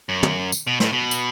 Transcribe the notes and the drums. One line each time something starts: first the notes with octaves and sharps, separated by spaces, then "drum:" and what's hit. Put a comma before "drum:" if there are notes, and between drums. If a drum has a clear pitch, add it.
F#2
drum: tom
drum: tambourine
B2
A2, drum: snare
B2
drum: tambourine